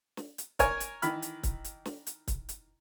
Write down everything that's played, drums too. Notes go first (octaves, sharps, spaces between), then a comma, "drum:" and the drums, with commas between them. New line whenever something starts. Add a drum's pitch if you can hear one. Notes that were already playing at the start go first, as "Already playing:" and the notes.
drum: snare
drum: hi-hat
A#4 C#5 G#5 F6, drum: kick, hi-hat
drum: hi-hat
D#3 E3 B5 F6, drum: hi-hat
drum: hi-hat
drum: kick, hi-hat
drum: hi-hat
drum: snare
drum: hi-hat
drum: kick, hi-hat
drum: hi-hat